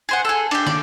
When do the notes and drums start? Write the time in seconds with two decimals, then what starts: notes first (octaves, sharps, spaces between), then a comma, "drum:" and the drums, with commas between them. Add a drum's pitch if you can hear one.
0.09 G#4 C5 F#5
0.25 G#4 A4
0.51 D4 G4, drum: cymbal
0.67 D5, drum: snare